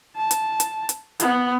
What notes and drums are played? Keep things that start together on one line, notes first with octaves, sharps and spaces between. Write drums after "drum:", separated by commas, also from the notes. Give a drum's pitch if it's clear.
A5
drum: hi-hat
drum: hi-hat
drum: hi-hat
B3, drum: hi-hat